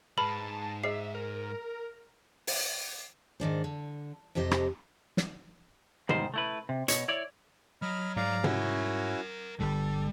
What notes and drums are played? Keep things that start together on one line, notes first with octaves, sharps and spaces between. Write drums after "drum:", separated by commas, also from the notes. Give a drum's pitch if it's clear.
G#2 G#3 B4 A5 B5
G#4 C5 D#5 E5 C7
A#4
drum: open hi-hat
G#2 D#3 D4 C5
D3
F2 C3 G4 C5 D#5
drum: rim click
drum: snare
E2 G#2 D#3 G3 C5, drum: tom
A3 E4 B4
C3
B2 C#5, drum: hi-hat
E4 C#5 D5
F#3 D#5 B5 F6
G#2 D5 F5 A#5
C#4 E4 F#4 A#4 F#5, drum: tom
G1 G2 G3 A4